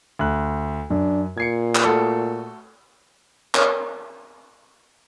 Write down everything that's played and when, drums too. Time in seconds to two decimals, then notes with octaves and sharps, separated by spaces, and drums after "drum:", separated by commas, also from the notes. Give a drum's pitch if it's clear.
0.19 D2 F#6
0.90 F#2 D4
1.38 A#2 G#6 C7 C#7
1.75 drum: clap
1.85 A3 F#4 A4
3.55 A#4 C#5 D#6 F6, drum: clap